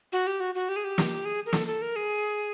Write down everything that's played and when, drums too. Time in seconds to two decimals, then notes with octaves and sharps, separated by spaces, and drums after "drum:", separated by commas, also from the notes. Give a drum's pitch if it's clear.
0.12 F#4
0.27 G4
0.40 F#4
0.55 F#4
0.69 G4
0.76 G#4
0.84 G4
0.98 drum: snare
1.25 G#4
1.46 A#4
1.53 A4, drum: snare
1.67 A4
1.82 A#4
1.96 G#4